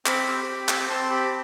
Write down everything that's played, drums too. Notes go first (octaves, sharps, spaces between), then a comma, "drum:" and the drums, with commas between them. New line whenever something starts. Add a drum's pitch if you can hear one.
C4 B5 D6, drum: clap
G4
G4
C4 E6, drum: clap
D6
C4 A5 C6
G4 B5 D6